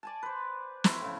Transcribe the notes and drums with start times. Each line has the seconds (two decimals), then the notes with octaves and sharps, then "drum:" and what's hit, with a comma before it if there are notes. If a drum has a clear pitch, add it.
0.03 D5 G#5 A5
0.23 B4 C5
0.84 E4 A#5 C6 C#6, drum: snare
1.00 A2 C#3